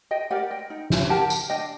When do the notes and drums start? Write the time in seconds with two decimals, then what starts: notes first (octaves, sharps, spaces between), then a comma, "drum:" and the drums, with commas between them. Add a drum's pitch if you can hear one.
0.11 D#5 G5
0.31 G4 A#4 D5 F#5
0.51 D#5 G5
0.70 D#4
0.90 drum: snare
1.09 G4 A#4 F#5 A5
1.30 drum: tambourine
1.50 D4 D#5 G5